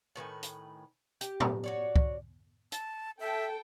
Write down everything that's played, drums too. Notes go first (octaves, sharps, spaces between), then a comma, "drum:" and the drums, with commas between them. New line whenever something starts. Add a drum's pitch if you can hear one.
A2 D#3 B4 G#5
drum: hi-hat
G4, drum: hi-hat
drum: tom
F#4 C#5 D5
drum: kick
A5, drum: hi-hat
A4 E5 G5